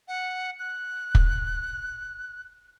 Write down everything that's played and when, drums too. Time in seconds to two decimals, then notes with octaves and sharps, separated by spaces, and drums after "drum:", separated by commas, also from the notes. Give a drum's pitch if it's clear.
0.08 F#5
0.59 F#6
1.15 drum: kick